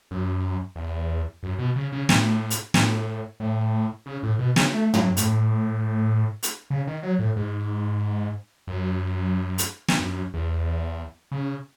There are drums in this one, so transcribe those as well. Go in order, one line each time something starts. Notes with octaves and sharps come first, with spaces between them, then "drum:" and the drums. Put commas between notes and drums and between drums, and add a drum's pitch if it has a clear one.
F#2
E2
F#2
B2
C#3
C#3
A2, drum: snare
drum: hi-hat
A2, drum: snare
A2
C#3
A2
B2
C#3, drum: snare
A3
F#3, drum: tom
A2, drum: hi-hat
drum: hi-hat
C#3
D#3
F#3
A2
G#2
F#2
drum: hi-hat
drum: snare
F#2
E2
C#3